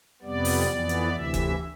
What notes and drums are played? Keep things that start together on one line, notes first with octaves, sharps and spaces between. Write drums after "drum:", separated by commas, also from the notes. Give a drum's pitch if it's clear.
F2 C3 G3 B3 D5
drum: open hi-hat
F2 E3 B3
drum: hi-hat
D2 C3 E3 E5
drum: kick F1, hi-hat